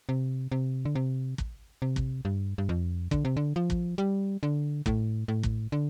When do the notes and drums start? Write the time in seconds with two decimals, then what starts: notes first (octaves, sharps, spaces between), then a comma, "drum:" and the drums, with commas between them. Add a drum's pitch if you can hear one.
0.09 C3
0.52 C3
0.85 D3
0.95 C3
1.38 drum: kick
1.82 C3
1.96 drum: kick
2.25 G2
2.58 G2
2.69 F2
3.11 D3, drum: kick
3.25 C3
3.37 D3
3.56 F3
3.70 drum: kick
3.98 G3
4.43 D3
4.86 A2, drum: kick
5.28 A2
5.43 drum: kick
5.72 D3